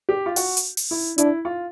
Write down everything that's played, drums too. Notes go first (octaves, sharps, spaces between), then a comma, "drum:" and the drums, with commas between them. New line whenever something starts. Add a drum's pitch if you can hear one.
G4
F4
F#4, drum: open hi-hat
drum: hi-hat
drum: open hi-hat
E4
D4 E4, drum: hi-hat
F4